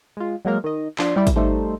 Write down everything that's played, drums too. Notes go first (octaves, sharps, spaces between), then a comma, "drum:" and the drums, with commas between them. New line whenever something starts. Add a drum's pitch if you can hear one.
G#3 F4
F#3 G#3 A#3 A#4
D#3 D#5
F3 D4 C6, drum: clap
G3 E4 D5
drum: kick, hi-hat
G3 A3 D#4 A4 C5